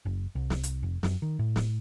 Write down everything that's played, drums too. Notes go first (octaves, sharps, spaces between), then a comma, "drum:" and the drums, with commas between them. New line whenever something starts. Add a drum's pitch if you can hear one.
F#1
C2
drum: snare
drum: hi-hat
F1
F#2, drum: snare
D#3
A2
drum: snare